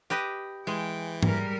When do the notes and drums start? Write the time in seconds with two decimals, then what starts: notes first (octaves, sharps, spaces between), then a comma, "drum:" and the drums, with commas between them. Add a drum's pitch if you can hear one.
0.10 G4 B4 D#5
0.67 E3 G#3 G5
1.23 G3 A#4, drum: tom